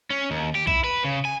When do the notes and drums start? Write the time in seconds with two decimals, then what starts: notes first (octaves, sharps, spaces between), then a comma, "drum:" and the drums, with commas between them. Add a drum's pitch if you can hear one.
0.10 C#4
0.31 D#2
0.55 G4
0.67 E4, drum: kick B1
0.84 B4
1.04 C#3
1.25 G#5